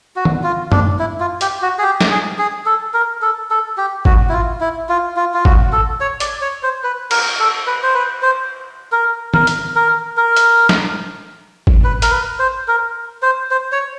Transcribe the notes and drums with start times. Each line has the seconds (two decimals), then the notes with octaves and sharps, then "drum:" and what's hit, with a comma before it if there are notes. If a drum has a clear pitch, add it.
0.16 F#4
0.25 drum: tom D#3
0.44 F4
0.72 D4, drum: tom F#2
0.99 E4
1.20 F4
1.41 G4, drum: hi-hat
1.62 F#4
1.79 G#4
1.83 G4
2.01 drum: snare
2.11 G#4
2.39 G#4
2.66 A4
2.94 A#4
3.22 A4
3.51 A4
3.78 G4
4.05 F#4, drum: kick
4.29 E4
4.33 F4
4.61 E4
4.89 F4
5.16 F4
5.34 F4
5.45 F#4, drum: kick
5.73 A4
6.01 C#5
6.20 D5, drum: hi-hat
6.41 C#5
6.63 C5
6.83 B4
7.11 A#4, drum: cymbal
7.40 A4
7.67 B4
7.83 C5
7.95 B4
8.22 C5
8.92 A#4
9.34 A#4, drum: tom D#3
9.47 drum: hi-hat
9.76 A#4
10.17 A#4
10.37 drum: hi-hat
10.69 drum: snare
11.67 drum: kick
11.84 B4
12.02 A#4, drum: hi-hat
12.11 B4
12.39 C5
12.68 A#4
13.22 C5
13.51 C5
13.72 C#5